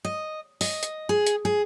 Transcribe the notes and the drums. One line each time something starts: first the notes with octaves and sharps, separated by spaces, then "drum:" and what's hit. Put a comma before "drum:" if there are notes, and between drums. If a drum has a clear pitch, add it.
D#5
D#5, drum: open hi-hat
drum: hi-hat
G#4
drum: hi-hat
G#4